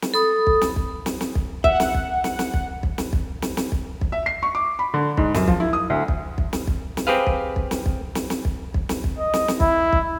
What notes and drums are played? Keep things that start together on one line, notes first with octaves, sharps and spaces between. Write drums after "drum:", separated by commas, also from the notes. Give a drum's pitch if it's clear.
drum: snare
A4 B5 D#6
drum: kick
drum: snare
drum: kick
drum: snare
drum: snare
drum: kick
E5 F#5, drum: kick
drum: snare
drum: kick
drum: snare
drum: snare
drum: kick
drum: kick
drum: snare
drum: kick
drum: snare
drum: snare
drum: kick
drum: kick
E5
C7
C#6
D6
B5
D3
G#2, drum: kick
F#2, drum: snare
F3, drum: kick
E4
D#6
D2
drum: kick
drum: kick
drum: snare
drum: kick
drum: snare
C4 G4 G#4 B4 F5
drum: kick
drum: kick
drum: snare
drum: kick
drum: snare
drum: snare
drum: kick
drum: kick
drum: snare
drum: kick
D#5
drum: snare
drum: snare
E4, drum: kick
drum: kick